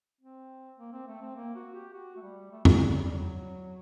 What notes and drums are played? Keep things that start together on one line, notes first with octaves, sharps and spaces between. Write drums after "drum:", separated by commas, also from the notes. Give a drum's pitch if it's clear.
C4
A#3
C4
A3
C4
A#3
F#4
G4
F#4
A3
G3
A3
G3, drum: tom E2
G3
F#3
G3
F#3